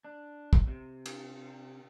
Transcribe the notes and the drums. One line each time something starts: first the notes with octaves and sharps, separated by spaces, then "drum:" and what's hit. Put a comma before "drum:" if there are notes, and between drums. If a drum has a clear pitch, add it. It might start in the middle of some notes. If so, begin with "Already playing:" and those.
D4
drum: kick
C3
drum: cymbal